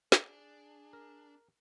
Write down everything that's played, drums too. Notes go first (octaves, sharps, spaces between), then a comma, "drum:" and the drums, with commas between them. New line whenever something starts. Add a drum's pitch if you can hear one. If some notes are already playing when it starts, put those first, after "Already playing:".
D4 G#4, drum: snare
A#4